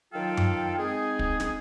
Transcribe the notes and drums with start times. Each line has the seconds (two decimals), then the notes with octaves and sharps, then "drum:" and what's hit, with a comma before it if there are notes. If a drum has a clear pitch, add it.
0.13 D#3 F#3 F4 A4 F5 G5
0.37 drum: tom F#2
0.78 G#3 C4 D#4 G#4
1.19 drum: kick
1.40 drum: snare